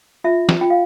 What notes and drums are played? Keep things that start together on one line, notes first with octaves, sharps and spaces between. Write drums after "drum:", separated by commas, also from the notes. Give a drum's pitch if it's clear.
F4 E5
drum: snare
F4 G5
F5